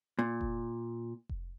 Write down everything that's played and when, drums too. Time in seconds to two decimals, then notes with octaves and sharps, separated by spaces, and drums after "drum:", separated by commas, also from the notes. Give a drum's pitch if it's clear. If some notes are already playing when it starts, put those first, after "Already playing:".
0.19 A#2
0.41 drum: kick F1
1.29 drum: kick F1